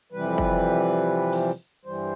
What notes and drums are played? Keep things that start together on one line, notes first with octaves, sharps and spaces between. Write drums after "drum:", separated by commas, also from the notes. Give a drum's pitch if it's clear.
F2 C3 E3 G3 B4
drum: kick
drum: open hi-hat
G2 E3 G3 C5